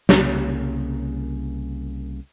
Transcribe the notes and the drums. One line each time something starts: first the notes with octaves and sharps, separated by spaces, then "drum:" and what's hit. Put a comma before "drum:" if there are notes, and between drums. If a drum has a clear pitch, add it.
C2 C#3 A#3, drum: snare